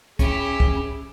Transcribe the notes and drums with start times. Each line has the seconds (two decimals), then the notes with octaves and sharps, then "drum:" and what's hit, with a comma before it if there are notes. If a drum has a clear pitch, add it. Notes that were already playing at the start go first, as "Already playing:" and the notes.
0.19 C#4 E4 G4 G#4, drum: kick, hi-hat
0.60 drum: kick